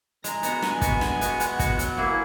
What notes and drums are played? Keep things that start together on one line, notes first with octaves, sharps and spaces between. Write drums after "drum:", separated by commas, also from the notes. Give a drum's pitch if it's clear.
G#3 A#5, drum: hi-hat
B3 F#4, drum: hi-hat
G#3 G#5, drum: snare
B3 F#4, drum: kick, hi-hat
G#3 G#5, drum: snare
B3 F#4, drum: hi-hat
G#3 F#5, drum: hi-hat
B3 F#4, drum: kick, hi-hat
F#3, drum: hi-hat
A#3 E4 G#4